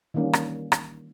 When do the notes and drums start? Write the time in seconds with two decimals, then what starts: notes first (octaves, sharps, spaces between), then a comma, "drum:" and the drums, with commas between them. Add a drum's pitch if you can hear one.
0.14 D#3 E3 G3 A#3 C#4
0.33 drum: rim click
0.72 drum: rim click